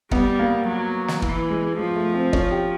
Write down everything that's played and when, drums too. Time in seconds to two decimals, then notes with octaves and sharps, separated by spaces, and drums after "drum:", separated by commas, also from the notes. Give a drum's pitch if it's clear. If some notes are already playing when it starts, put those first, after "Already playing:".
0.11 G3 B3, drum: kick
0.39 A#3
0.67 F#3
1.08 drum: snare
1.22 E3, drum: kick
1.50 G#3
1.77 F3 G#3
1.96 A3
2.14 C4
2.33 C#4, drum: kick
2.51 G4